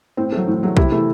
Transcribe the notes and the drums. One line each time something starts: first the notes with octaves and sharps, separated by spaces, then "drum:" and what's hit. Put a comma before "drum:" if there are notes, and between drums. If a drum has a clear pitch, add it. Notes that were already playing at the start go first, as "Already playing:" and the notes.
A2 C4
F#3 A3
A2
F#3 A3
C3 E4, drum: kick B1
E3 A3 E4